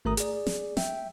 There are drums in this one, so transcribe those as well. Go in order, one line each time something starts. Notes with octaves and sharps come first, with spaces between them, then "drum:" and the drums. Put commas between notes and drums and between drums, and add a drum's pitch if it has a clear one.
G#1 A3 A#4 A#5 D#6
G#4 D5, drum: hi-hat
drum: snare
E5 G5, drum: snare